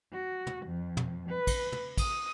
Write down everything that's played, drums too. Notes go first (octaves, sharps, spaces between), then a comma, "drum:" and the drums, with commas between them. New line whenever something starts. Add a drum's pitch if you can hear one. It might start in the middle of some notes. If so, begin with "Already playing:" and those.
F#4
drum: tom
F2
drum: tom
B4
drum: kick, cymbal
drum: tom
D#6, drum: kick, cymbal